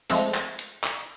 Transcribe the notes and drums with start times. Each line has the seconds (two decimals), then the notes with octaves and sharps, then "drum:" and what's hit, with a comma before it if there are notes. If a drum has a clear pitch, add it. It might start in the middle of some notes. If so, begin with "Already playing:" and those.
0.10 F3 G#3 A3 C4 A4, drum: open hi-hat
0.34 drum: clap
0.59 drum: hi-hat
0.84 drum: clap